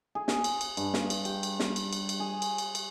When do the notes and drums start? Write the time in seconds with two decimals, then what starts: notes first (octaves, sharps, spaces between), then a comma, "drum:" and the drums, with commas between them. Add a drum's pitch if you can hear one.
0.15 G#4
0.28 drum: snare
0.44 drum: cymbal
0.61 drum: cymbal
0.77 G2, drum: cymbal
0.94 drum: snare
1.10 drum: cymbal
1.25 G4, drum: cymbal
1.43 drum: cymbal
1.60 drum: snare
1.76 drum: cymbal
1.93 drum: cymbal
2.09 drum: cymbal
2.20 G#4
2.42 drum: cymbal
2.58 drum: cymbal
2.75 drum: cymbal